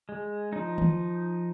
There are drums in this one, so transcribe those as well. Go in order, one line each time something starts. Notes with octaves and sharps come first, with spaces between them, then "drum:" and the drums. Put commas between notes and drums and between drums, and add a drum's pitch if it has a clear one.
G#3
F3 D#4
drum: tom